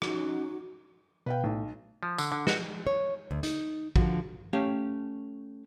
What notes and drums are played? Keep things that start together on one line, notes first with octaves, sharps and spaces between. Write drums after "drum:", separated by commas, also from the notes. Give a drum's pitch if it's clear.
C#4 D#4 F#4, drum: rim click
B2 B4 F5 G5
B1 A2
F3
D3, drum: tambourine
D3
F#4, drum: snare
C#5
D2
D#4, drum: hi-hat
D3 F3 F#4, drum: kick
A3 C#4 G4 F5